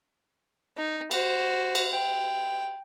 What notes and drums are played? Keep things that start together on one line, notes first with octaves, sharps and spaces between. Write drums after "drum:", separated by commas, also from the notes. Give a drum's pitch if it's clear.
D#4
F#4 C5, drum: cymbal
drum: cymbal
G5